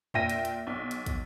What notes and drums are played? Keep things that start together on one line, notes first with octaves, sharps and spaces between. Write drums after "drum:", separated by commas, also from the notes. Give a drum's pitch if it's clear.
A#2 E5 G5 A#6 D#7, drum: tom E2
drum: hi-hat
drum: hi-hat
B1
drum: hi-hat
drum: kick, hi-hat